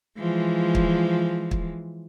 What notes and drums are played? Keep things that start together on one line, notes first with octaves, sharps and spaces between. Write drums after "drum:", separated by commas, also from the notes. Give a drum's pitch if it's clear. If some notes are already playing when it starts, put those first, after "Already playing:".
E3 F3 G#3
drum: kick
drum: kick